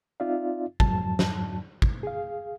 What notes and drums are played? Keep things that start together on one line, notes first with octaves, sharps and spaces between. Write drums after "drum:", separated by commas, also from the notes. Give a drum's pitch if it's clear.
C4 D#4 F4 D5 E5 F5
F2 G#2 F#3 A5, drum: kick
drum: snare
drum: kick
G#4 F5